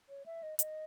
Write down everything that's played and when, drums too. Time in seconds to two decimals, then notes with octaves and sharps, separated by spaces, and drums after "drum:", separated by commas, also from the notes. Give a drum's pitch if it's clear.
0.09 C#5
0.26 E5
0.43 D#5
0.59 D#5, drum: hi-hat